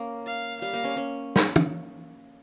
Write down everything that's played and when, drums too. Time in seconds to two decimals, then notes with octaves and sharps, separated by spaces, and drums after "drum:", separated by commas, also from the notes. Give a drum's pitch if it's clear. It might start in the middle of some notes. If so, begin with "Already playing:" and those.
Already playing: A#3 C#4
0.27 F5
0.61 G3 F5
0.73 A#3
0.84 C#4
0.97 C#4
1.36 drum: snare
1.56 drum: tom